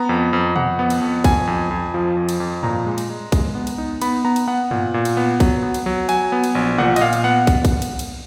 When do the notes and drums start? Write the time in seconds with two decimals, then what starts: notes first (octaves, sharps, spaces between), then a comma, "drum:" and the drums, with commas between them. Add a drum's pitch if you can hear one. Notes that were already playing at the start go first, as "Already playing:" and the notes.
Already playing: B3 A#5
0.09 F2
0.33 F2
0.56 F2 F#5, drum: tom A#2
0.79 B3
0.90 drum: cymbal
1.01 F2
1.24 F2 G#5, drum: kick, cymbal
1.47 F2
1.71 F2
1.94 F3
2.17 F2
2.29 drum: cymbal
2.40 F2
2.63 A#2 A#5, drum: tom
2.86 G#3
2.98 drum: cymbal
3.10 G#3
3.32 G#3, drum: kick, cymbal
3.55 B3
3.67 drum: cymbal
3.78 D#4
4.01 B3 B5, drum: cymbal
4.25 B3 A#5
4.36 drum: cymbal
4.48 B3 F#5
4.71 A#2, drum: tom
4.94 A#2
5.05 drum: cymbal
5.17 B3
5.40 F#3, drum: kick, cymbal
5.62 B3
5.74 drum: cymbal
5.86 F#3
6.09 F#3 G#5, drum: cymbal
6.32 B3
6.44 drum: cymbal
6.55 A#1
6.78 A#2 F#5, drum: tom A#2
6.96 D#5, drum: cymbal
7.01 A#2 F5
7.13 drum: cymbal
7.24 B3 F#5
7.47 drum: kick, cymbal
7.65 drum: kick, cymbal
7.82 drum: cymbal
7.99 drum: cymbal